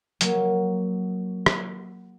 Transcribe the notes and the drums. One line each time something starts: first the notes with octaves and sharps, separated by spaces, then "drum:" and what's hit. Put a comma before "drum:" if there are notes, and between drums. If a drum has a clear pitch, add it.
F#3 A#3, drum: hi-hat
drum: rim click